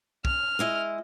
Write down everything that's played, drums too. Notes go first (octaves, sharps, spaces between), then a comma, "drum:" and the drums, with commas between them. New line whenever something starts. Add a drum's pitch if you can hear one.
F6, drum: kick
G#3 E4 D#5